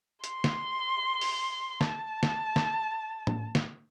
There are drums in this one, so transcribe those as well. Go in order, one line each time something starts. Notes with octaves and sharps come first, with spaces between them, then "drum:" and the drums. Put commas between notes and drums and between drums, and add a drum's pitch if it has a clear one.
C6, drum: hi-hat
drum: snare
drum: open hi-hat
A5, drum: snare
drum: snare
drum: snare
drum: tom A2
drum: snare